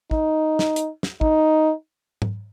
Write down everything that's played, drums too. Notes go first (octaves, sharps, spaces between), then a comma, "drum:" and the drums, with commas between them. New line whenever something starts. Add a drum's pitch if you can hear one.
D#4, drum: kick
drum: snare
drum: hi-hat
drum: snare
D#4, drum: kick
drum: tom G#2